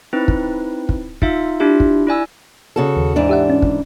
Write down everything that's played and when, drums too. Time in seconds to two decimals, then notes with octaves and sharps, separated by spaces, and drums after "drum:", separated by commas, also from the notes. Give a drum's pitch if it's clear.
0.13 C4 D#4 E4 B4
0.28 drum: kick
0.89 drum: kick
1.22 D#4 F4 E5 F5, drum: kick
1.60 D4 E4 F4 G4 E5
1.80 drum: kick
2.07 E4 D5 G#5 E6
2.76 C#3 F#4 A4
2.97 D#2
3.16 G#2 E3 D4
3.29 G4 E5 F#5
3.50 C#4
3.62 drum: kick